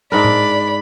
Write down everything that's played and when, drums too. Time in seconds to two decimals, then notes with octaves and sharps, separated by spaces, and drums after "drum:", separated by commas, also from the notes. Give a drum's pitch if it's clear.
0.12 G#2 D4 A#4 D5 B5
0.25 drum: tom A2